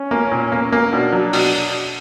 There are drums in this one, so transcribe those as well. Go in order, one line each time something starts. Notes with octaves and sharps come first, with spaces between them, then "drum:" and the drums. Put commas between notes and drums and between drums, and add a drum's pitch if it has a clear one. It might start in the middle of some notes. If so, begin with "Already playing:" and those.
Already playing: C#4
A#3
A#2
A#3
A#3
B2 D4
F#3
B2, drum: open hi-hat